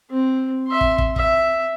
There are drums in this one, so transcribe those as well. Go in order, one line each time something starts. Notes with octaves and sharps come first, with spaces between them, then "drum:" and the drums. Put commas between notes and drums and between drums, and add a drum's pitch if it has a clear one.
C4
E5 C6
drum: kick
drum: kick
E5, drum: kick